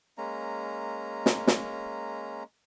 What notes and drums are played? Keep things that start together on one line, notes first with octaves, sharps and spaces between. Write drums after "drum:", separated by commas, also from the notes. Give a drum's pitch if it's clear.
G#3 A#3 C#4 A#5
drum: snare
drum: snare